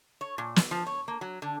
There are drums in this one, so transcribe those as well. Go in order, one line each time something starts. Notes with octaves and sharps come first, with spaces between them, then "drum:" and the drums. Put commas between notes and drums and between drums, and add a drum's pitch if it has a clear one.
C#5
A#2
drum: snare
F3
C#5
A#3
F#3
D3